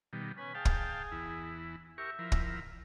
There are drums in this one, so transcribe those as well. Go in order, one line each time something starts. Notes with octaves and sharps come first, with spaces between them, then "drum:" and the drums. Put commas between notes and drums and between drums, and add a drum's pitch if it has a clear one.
B2 D#3 G3
C#4 B4
G#4 F5 G5 A5
drum: kick
E2 E4
G4 A#4 E5 C#6
F3 E4 A#4
drum: kick